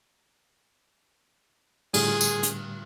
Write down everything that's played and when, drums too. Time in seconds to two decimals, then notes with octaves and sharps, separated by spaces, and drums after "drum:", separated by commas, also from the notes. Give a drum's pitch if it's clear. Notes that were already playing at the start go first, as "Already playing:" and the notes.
1.94 A2 D3 G3 G#4, drum: cymbal
2.21 drum: tambourine
2.43 drum: hi-hat